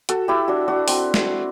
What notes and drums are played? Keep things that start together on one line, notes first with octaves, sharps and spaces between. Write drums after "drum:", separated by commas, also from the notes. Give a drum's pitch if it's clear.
F#4 A4, drum: hi-hat
E4 G4
D4 F#4
D4 F#4
C4, drum: open hi-hat
drum: snare